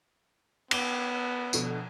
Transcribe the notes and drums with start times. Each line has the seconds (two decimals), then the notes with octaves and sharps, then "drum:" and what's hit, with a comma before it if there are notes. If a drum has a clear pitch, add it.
0.71 B3 D6 D7, drum: cymbal
1.53 B2 D3 F3, drum: tambourine